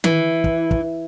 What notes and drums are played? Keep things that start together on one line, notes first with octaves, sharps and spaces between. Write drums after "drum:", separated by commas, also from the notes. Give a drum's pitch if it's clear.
E3, drum: tom D#3
drum: kick
drum: kick